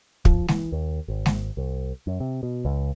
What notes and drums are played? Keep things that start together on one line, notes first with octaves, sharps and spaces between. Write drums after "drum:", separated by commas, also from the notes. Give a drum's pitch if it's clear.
F3, drum: kick
E3, drum: snare G#3
D#2
G#1
drum: snare G#3
C2
F#2
C3
B2
C#2